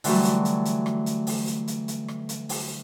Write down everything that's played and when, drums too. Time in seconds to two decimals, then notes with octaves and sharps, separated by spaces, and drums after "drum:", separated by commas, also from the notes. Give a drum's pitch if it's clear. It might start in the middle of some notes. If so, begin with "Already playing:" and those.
0.04 D3 E3 F#3 G3 A3, drum: open hi-hat
0.25 drum: hi-hat
0.45 drum: hi-hat
0.65 drum: hi-hat
0.86 drum: rim click
1.06 drum: hi-hat
1.27 drum: open hi-hat
1.47 drum: hi-hat
1.68 drum: hi-hat
1.88 drum: hi-hat
2.08 drum: rim click
2.29 drum: hi-hat
2.49 drum: open hi-hat